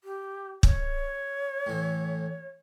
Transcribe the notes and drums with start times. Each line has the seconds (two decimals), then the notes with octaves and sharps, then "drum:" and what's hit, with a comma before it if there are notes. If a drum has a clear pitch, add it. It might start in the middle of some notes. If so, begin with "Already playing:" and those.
0.04 G4
0.63 C#5, drum: kick
1.66 A2 E3